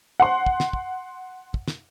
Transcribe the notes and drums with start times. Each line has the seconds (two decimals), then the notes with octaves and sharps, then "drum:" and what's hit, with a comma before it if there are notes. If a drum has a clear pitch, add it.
0.20 F#5 C6
0.46 drum: kick
0.60 drum: snare
0.73 drum: kick
1.54 drum: kick
1.68 drum: snare